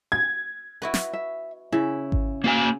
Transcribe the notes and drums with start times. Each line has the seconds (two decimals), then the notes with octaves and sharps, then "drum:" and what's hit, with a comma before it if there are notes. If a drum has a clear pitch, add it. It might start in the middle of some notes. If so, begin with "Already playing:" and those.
0.12 G#6
0.82 E4 F#4 B4
0.94 drum: snare
1.13 E5
1.72 C#3 E4
2.12 drum: kick G#1
2.44 A#3 F#4 F5 G#5